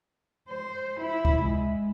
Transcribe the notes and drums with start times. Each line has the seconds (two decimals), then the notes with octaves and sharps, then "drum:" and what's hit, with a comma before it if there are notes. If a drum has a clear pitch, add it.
0.49 C5
1.00 E4
1.25 drum: kick C#2
1.42 G#3